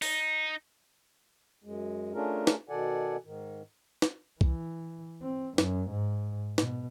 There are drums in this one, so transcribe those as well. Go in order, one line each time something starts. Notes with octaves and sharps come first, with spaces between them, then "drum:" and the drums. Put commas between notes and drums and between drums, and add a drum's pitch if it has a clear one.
D#4, drum: open hi-hat
F#2 G#3
A3 C#4 D4 F4 G#4 A#4
drum: snare
B2 D#3 A4 D5 F#5 G#5
G#2 D#3
drum: snare
E3, drum: kick
C4
F#2, drum: snare
G#2
B2, drum: snare